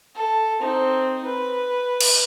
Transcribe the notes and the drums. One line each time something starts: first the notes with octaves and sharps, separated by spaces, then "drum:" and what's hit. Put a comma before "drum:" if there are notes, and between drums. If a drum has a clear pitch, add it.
A4
C4 D#4
B4
drum: cymbal